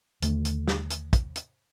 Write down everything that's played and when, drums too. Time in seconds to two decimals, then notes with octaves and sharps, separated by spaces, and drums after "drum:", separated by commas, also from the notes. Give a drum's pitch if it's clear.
0.22 D#2 D3 A3, drum: hi-hat
0.45 drum: hi-hat
0.68 drum: snare
0.90 drum: hi-hat
1.13 drum: kick, hi-hat
1.36 drum: hi-hat